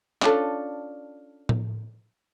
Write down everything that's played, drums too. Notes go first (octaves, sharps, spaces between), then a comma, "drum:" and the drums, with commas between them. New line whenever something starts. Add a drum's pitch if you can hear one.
C#4 D4 F4 A4, drum: clap
drum: tom A2